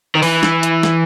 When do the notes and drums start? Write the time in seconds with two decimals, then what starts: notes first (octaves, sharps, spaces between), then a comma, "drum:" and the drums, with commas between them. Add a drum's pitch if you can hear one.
0.15 D#3
0.23 E3, drum: open hi-hat
0.43 drum: snare
0.63 drum: hi-hat
0.83 drum: snare